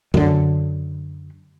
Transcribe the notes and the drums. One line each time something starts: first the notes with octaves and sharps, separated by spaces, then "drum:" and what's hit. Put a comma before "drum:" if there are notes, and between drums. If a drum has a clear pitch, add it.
F#2 D3, drum: tom D3